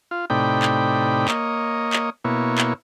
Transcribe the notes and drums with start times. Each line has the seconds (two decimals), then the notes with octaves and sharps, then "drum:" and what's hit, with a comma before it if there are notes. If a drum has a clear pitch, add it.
0.11 F4
0.30 A2 C3 D#4 D5 G5 B5
0.62 drum: clap
1.28 A#3 C#5 D#5, drum: clap
1.93 drum: clap
2.24 B2 A#3 E4 C#5
2.58 drum: clap